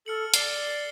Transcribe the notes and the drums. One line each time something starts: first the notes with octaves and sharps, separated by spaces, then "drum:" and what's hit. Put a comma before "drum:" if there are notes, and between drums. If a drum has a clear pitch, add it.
A4 F6 C#7 F#7
D5 C7 G7, drum: hi-hat
G7